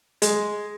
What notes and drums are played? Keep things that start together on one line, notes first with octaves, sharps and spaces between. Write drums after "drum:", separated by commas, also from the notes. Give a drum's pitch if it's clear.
G#3, drum: hi-hat